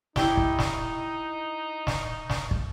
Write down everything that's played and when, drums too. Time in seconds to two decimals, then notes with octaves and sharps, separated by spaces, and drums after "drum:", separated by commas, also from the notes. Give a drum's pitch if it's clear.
0.16 D#4 E4 G4 G5, drum: snare
0.37 drum: kick
0.59 drum: snare
1.87 drum: snare
2.30 drum: snare
2.51 drum: kick